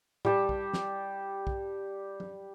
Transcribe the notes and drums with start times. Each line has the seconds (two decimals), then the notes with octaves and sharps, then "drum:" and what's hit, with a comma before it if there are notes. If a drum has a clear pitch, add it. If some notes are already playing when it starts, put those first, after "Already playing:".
0.25 G3 G4 A5, drum: tom A2
0.49 drum: kick
0.74 drum: snare
1.47 drum: kick
2.20 drum: tom F#3